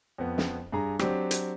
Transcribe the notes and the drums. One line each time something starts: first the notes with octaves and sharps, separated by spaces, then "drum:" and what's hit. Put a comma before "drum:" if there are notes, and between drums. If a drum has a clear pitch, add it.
F2 B3
drum: snare
G2 G#4 A#5
F#3 C4 D4 G4, drum: rim click
drum: hi-hat